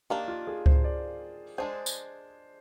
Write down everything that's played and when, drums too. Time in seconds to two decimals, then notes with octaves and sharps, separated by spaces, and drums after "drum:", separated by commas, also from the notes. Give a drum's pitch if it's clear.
0.10 D#3 A#3 D4 G4
0.28 F4
0.47 G#4
0.66 C5, drum: kick C#2
0.84 D5
1.58 G#3 D4 G#4 C5
1.86 drum: tambourine